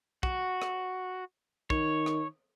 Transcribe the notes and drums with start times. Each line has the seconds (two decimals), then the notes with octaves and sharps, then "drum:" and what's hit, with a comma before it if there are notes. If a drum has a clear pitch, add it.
0.23 F#4, drum: kick
0.62 drum: rim click
1.70 D#3 C#5, drum: kick
2.06 drum: rim click